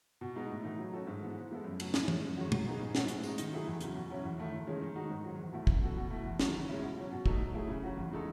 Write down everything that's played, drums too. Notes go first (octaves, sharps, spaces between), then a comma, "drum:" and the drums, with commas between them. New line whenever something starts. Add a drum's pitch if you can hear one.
B2
G#3 B3 D#4
A2
E3 A3 D#4
F#3
C#4 F#4 A4
G#2
E3 B3
E3
G#3 B3 E4 A4
F#2
C#3 F#3 A3, drum: cymbal
A2, drum: snare
G#3 C#4, drum: tom
F#2
D#3 G#3 C#4 F#4
F#3, drum: tom
B3 D#4 G#4
G#2
F#3 C#4 F#4 A4, drum: snare
A2, drum: hi-hat
G#3 D#4, drum: tambourine
D#3, drum: hi-hat
F#3 A3 E4 G#4
E2
C#3 F#3, drum: hi-hat
B2
F#3 C#4 E4
E2
D#3 A3 E4
E2
D#3 G#3 C#4 G#4
D#3
G#3 D#4 F#4
G#2
D#3 F#3
E2
B2 A3 E4
F#2, drum: kick
E3 B3 F#4 A4
B2
A3 E4
E2
D#3 F#3, drum: snare
C#3
G#3 C#4 E4
B2
F#3 C#4
B2
F#3 A3 D#4 A4, drum: kick
F#3
A3 E4 G#4
C#3
F#3 C#4 F#4
E2
C#3 G#3 D#4 A4